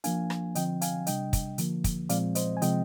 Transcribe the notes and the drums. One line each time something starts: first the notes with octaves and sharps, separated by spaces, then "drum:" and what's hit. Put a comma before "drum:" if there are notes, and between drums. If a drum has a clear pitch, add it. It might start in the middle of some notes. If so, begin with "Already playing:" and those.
F3 A#3 D4 F5 G#5, drum: hi-hat
drum: rim click
D3 F3 C4 D#5 G5, drum: hi-hat
F5 G#5, drum: hi-hat
C3 G3 D4 D#5 G5, drum: hi-hat
drum: kick, hi-hat
D3 F3 A#3, drum: hi-hat
drum: kick, hi-hat
A#2 F3 G#3 C4 D5 F5, drum: hi-hat
C5 D#5, drum: hi-hat
G#5
C3 F3 G#3 C4 D#5 G5, drum: hi-hat